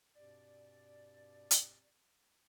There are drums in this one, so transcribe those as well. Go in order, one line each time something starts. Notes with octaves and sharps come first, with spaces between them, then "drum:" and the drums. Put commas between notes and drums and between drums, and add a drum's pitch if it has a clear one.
G2 B2 C4 G4 D5
drum: hi-hat